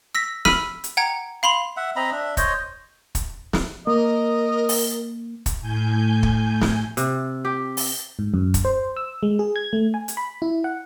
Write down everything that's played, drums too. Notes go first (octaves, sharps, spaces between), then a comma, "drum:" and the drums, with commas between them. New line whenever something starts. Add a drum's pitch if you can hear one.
E6 A#6 B6
B5 E6 F6 B6 D#7, drum: snare
drum: hi-hat
F#5 G5 A#5 G#6
F5 B5 C6 F7
E5 F#5
C4 D#5 A#5 B5
D4 E5
C5 C#5 D#5, drum: kick, hi-hat
drum: kick, hi-hat
drum: snare
A#3 A#4 D#5
drum: open hi-hat
drum: kick, hi-hat
A2 G#5 G6
drum: kick
drum: snare
C3, drum: hi-hat
G4
drum: open hi-hat
G#2
F#2
drum: kick, hi-hat
C5
E6
G#3
G#4
G#6
A3
G#5
drum: hi-hat
B5
E4
F#5